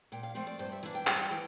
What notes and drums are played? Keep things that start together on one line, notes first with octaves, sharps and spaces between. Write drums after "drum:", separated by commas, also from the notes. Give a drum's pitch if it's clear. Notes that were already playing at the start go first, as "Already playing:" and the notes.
A#2 G5
F5
F3 A3 C4
D5
G2 C5
E5
E3 A#3 D4 A5
G5
G2 A5, drum: clap
E3 G5